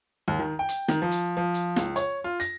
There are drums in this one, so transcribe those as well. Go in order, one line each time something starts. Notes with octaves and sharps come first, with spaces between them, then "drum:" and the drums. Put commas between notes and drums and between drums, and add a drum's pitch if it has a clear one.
D#2
D#3
G5
drum: hi-hat
D#3, drum: snare
F3
drum: hi-hat
F3
drum: hi-hat
C#2, drum: snare
C#5, drum: hi-hat
F4
A#6, drum: hi-hat